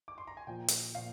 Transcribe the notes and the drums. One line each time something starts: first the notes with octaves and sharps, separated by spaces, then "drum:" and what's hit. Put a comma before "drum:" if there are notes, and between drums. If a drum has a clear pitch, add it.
D6
C6
A#5
G#5
A#2 F3 G5
drum: hi-hat
A#2 F3 F5